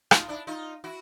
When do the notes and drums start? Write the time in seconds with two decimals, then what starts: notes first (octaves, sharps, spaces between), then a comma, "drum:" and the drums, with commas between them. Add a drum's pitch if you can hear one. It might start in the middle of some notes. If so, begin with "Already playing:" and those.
0.11 D#4 F4, drum: rim click
0.28 D4 E4
0.47 D#4 F4
0.84 E4 F#4